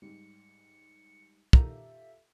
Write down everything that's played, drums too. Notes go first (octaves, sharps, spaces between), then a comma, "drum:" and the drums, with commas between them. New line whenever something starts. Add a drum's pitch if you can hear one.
G#2 G3 C#7
A#3 D#4 F4 G4 A4 E5 A#5, drum: kick